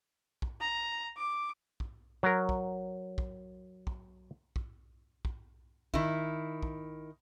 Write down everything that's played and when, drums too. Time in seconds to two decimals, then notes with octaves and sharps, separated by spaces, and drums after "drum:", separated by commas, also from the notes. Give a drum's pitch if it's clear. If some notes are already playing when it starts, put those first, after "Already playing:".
0.42 drum: kick
0.61 A#5
1.17 D6
1.80 drum: kick
2.23 F#3 A#4
2.49 drum: kick
3.18 drum: kick
3.87 drum: kick
4.56 drum: kick
5.25 drum: kick
5.94 D#3 E4, drum: kick
6.63 drum: kick